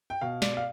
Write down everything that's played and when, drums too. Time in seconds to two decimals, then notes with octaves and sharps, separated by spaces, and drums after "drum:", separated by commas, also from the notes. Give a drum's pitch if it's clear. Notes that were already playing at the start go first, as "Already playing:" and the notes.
0.10 G5
0.21 B2 F5
0.42 D5, drum: snare
0.57 F5